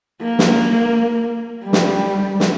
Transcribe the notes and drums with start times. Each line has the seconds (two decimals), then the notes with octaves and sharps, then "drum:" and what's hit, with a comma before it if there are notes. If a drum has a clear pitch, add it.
0.22 A#3
0.39 drum: snare
1.64 G3
1.73 drum: snare
2.40 drum: snare